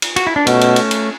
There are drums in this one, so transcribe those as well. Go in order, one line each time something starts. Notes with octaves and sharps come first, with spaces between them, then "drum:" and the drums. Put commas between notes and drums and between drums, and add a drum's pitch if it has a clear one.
drum: cymbal
F#4, drum: cymbal
E4
D4
B2 A3 C#4, drum: cymbal
drum: cymbal
drum: cymbal
drum: cymbal